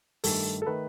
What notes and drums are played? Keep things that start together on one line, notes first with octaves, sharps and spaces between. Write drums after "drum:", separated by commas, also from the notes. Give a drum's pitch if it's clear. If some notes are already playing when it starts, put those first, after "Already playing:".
G2 D#3 A3 A4, drum: open hi-hat
A4
D#3 A3 B4